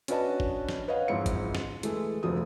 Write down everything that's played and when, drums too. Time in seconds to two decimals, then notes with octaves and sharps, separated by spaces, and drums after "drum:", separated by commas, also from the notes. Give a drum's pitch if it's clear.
0.08 C#4 D4 F#4 B4 D#5 A5, drum: hi-hat
0.40 drum: kick
0.69 drum: snare
0.88 B4 C#5 D#5 F5 F#5
1.08 F#1 F2 G#2 C4 E4 C#7
1.26 drum: kick, hi-hat
1.55 drum: snare
1.83 E3 G#3 A3, drum: hi-hat
2.23 F1 D2 F3 A3 D#6